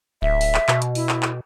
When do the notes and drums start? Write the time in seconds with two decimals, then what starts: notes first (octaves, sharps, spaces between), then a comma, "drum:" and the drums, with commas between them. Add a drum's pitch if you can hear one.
0.22 D1 E5
0.41 drum: open hi-hat
0.55 drum: clap
0.68 B2, drum: clap
0.82 drum: hi-hat
0.95 E4, drum: open hi-hat
1.09 drum: clap
1.23 drum: clap